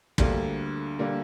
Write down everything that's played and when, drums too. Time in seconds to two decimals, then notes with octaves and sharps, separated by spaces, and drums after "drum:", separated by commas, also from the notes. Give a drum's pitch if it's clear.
0.18 D2 D3 G3 A#3, drum: kick
0.99 D3 G3 A#3